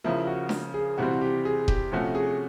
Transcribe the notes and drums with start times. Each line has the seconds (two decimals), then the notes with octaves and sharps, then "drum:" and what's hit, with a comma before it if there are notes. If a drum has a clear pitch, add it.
0.04 C#3 F3 A#3 E4
0.27 F#4
0.49 drum: snare D4
0.74 G#4
0.98 C3 E3 G3 C4 F#4
1.21 G4
1.45 G#4
1.68 G4, drum: kick E1
1.92 C3 F3 A3 C#4 F#4
2.15 G#4